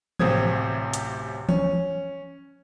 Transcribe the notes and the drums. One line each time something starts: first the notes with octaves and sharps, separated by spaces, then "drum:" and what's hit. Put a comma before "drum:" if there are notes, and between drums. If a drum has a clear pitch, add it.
D1 A1 C3 C4 D#6 G#6, drum: tom E3
drum: hi-hat
C#4, drum: tom E3